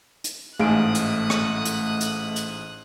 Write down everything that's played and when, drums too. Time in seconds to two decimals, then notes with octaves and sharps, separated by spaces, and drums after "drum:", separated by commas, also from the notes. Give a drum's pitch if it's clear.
0.24 drum: hi-hat
0.60 A1 G#2 A3 G#4 F5 D#6 F#6 D7
0.95 drum: hi-hat
1.30 drum: rim click
1.65 drum: hi-hat
2.01 drum: hi-hat
2.36 drum: hi-hat